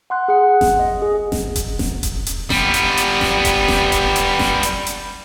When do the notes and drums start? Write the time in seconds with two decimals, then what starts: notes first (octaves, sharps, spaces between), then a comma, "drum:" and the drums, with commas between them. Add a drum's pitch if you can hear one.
0.10 F#5 C6 F#6
0.28 G#4 F#5
0.48 F#5
0.61 drum: snare F#1
0.79 D#5
1.02 G#4
1.32 drum: snare F#1
1.56 drum: kick D#1, hi-hat
1.79 drum: snare F#1
2.03 drum: kick D#1, hi-hat
2.26 drum: hi-hat
2.50 G3 B3, drum: snare F#1
2.74 drum: hi-hat
2.97 drum: hi-hat
3.21 drum: snare F#1
3.45 drum: kick D#1, hi-hat
3.68 drum: snare F#1
3.92 drum: kick D#1, hi-hat
4.16 drum: hi-hat
4.39 drum: snare F#1
4.63 drum: hi-hat
4.87 drum: hi-hat